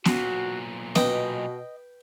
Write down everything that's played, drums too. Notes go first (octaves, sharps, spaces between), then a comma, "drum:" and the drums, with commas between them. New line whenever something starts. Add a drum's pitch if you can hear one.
B1 A#2 F#4, drum: snare B3
B2 B4 D#5 G5, drum: snare B3